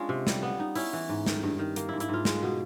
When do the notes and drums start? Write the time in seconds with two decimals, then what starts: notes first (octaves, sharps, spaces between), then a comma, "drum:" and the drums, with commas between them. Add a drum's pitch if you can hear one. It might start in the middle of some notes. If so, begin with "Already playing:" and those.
Already playing: G#3 C#4 D4 F4
0.09 C3
0.27 G3, drum: snare
0.43 B3
0.60 D#4
0.75 C#4 E4, drum: open hi-hat
0.93 E3
1.09 G#2
1.26 D#3, drum: snare
1.43 G2
1.59 D#3
1.76 A#3, drum: hi-hat
1.89 G#2 E4
2.00 E4, drum: hi-hat
2.09 G#2 F4
2.25 G#3, drum: snare
2.43 B2